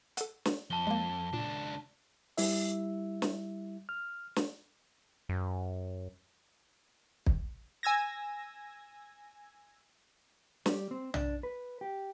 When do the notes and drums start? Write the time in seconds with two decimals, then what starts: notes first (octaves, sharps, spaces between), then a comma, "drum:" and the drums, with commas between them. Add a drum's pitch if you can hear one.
0.17 A4 F#5, drum: hi-hat
0.45 drum: snare
0.70 F2 A5 G7
0.87 G#3 A#3
1.34 C#2 A#2 D4
2.37 G3 E4 E5, drum: open hi-hat
3.22 drum: snare
3.89 F6
4.36 drum: snare
5.29 F#2
7.26 drum: kick
7.83 G#5 E6 G#6 A#6
10.66 G3, drum: snare
10.91 C4
11.14 D4, drum: tom
11.43 B4
11.81 G4